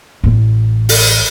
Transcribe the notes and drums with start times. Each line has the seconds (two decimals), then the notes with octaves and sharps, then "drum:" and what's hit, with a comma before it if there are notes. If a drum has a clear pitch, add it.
0.24 A1
0.89 drum: open hi-hat